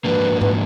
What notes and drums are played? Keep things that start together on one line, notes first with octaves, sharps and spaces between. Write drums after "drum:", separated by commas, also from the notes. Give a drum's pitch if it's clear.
G#2 F3 A#3 D4 F#4 B4
B4, drum: tom G#2